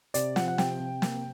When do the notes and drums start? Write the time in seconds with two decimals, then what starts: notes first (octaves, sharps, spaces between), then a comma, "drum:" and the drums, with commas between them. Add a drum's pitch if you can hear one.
0.14 C3 D5, drum: hi-hat
0.36 F3 F#5, drum: snare
0.48 F#5
0.58 C3 G5, drum: snare
0.80 C3
1.02 A#3, drum: snare